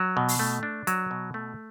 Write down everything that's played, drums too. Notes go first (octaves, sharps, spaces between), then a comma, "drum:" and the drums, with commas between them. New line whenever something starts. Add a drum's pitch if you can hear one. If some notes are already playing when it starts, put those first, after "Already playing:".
Already playing: F#3
B2
drum: open hi-hat
A3
D4
F#3, drum: hi-hat
B2
A3